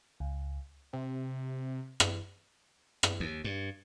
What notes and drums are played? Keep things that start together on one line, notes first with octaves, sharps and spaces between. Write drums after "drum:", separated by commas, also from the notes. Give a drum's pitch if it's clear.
C#2
C3
drum: rim click
drum: rim click
D#2
G2